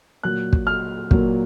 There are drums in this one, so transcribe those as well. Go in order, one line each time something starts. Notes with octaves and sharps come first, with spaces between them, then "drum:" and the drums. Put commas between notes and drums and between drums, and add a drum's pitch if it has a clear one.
A#2 F#3 A#3 F#6
drum: kick
F6
A#2 F#3 A#3, drum: kick